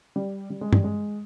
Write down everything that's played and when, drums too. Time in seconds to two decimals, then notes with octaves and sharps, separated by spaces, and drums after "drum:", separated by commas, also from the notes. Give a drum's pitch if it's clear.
0.16 G3
0.50 G3
0.61 G#3
0.73 G3, drum: tom G2
0.84 G#3